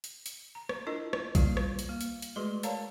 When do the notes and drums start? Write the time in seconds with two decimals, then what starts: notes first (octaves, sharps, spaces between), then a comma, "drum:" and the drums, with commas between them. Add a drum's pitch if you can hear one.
0.04 drum: hi-hat
0.26 drum: hi-hat
0.55 A#5
0.69 drum: rim click
0.86 D4 E4 F4 A#4 D#5
1.13 drum: rim click
1.35 G3 A#3 F4, drum: kick B1, hi-hat
1.57 drum: rim click
1.79 drum: hi-hat
1.89 A#3
2.01 drum: hi-hat
2.22 drum: hi-hat
2.36 G#3 A3 F#4 G#4 B4 C6
2.63 A#4 C#5 D5 F5 A5 A#5, drum: hi-hat